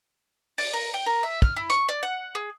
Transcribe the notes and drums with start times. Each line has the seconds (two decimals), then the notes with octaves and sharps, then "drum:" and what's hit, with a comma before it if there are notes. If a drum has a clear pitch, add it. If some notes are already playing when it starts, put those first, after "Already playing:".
0.58 D5, drum: open hi-hat
0.73 A#4
0.94 G5
1.06 A#4
1.23 E5
1.42 F6, drum: kick
1.56 E4
1.70 C#6, drum: hi-hat
1.89 D5
2.03 F#5
2.35 G#4